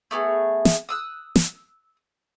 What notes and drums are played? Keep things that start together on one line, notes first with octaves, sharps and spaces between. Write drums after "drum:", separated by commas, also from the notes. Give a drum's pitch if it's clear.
A3 B3 F#4 G#4
drum: snare
D#6 E6 F#6
drum: snare